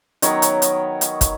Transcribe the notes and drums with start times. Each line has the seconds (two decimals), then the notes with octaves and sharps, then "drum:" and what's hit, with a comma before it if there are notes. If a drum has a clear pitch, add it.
0.22 D#3 F#3 B3 C#5 D#5, drum: hi-hat
0.42 drum: hi-hat
0.62 drum: hi-hat
1.01 drum: hi-hat
1.21 drum: kick, hi-hat